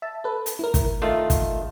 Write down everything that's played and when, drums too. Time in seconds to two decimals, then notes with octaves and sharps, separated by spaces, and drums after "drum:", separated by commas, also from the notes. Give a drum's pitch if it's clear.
0.02 E5 A5
0.24 A4 B4
0.46 drum: hi-hat
0.59 E4 A#4
0.74 drum: kick, hi-hat
1.02 D#3 A3 F4
1.30 drum: kick, hi-hat